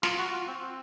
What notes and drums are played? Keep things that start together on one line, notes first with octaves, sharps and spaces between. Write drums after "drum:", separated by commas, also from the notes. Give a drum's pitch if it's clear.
F4, drum: snare
F#4
F4
C4
C4